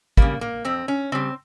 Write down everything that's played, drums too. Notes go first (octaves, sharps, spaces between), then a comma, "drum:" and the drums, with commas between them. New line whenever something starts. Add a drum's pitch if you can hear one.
C#3 G3 A#3, drum: kick
A#3
F2 C4
C#4
C#3 G3 C4